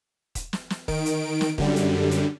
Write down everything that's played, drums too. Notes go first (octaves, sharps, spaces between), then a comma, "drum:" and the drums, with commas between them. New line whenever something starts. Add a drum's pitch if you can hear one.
drum: kick D#1, hi-hat
drum: snare
drum: snare
D#3 D7, drum: kick D#1
drum: hi-hat
drum: snare
F#2 D3 G3, drum: kick D#1
drum: hi-hat
drum: hi-hat